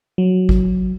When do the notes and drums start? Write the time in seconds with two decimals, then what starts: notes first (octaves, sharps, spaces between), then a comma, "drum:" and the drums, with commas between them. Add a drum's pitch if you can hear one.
0.18 F#3
0.49 drum: kick